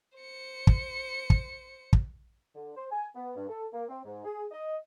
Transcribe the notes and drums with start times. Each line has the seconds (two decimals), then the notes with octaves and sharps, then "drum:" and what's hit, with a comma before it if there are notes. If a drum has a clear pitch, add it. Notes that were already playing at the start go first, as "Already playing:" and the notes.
0.18 C5 C#7
0.67 drum: kick
1.30 drum: kick
1.93 drum: kick
2.55 D3
2.77 C5
2.92 G#5
3.15 B3
3.36 G2
3.49 A4
3.73 A#3
3.89 C4
4.05 G#2
4.25 G#4
4.51 D#5